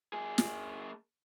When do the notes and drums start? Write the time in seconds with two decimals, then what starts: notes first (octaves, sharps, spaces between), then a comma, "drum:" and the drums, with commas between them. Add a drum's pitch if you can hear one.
0.13 A#3 G#4
0.38 drum: snare